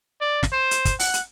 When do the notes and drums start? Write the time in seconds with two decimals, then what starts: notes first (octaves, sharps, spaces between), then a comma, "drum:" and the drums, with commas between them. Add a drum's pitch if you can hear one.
0.21 D5
0.43 drum: snare
0.53 C5
0.71 drum: hi-hat
0.85 drum: kick, hi-hat
0.99 F#5, drum: open hi-hat
1.14 drum: hi-hat